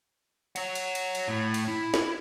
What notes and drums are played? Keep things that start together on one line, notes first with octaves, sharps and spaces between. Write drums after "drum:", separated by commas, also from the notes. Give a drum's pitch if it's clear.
C#5 F#5, drum: cymbal
drum: cymbal
drum: cymbal
drum: cymbal
A2
drum: cymbal
E4
drum: snare